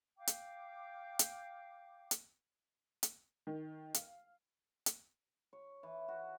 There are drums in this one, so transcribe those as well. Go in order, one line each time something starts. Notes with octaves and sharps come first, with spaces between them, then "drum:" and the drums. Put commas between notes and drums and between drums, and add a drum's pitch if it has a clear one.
F5 G5 D6
drum: hi-hat
drum: hi-hat
drum: hi-hat
drum: hi-hat
D#3
F5, drum: hi-hat
drum: hi-hat
C#5
E3
F#4